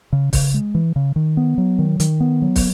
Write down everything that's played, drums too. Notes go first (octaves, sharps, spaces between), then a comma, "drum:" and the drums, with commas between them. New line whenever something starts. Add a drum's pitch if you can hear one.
C#3
C#3, drum: kick, open hi-hat
G#3
E3
C#3
D#3
B3
F#3
D#3
D#3, drum: hi-hat
B3
F#3
drum: kick, open hi-hat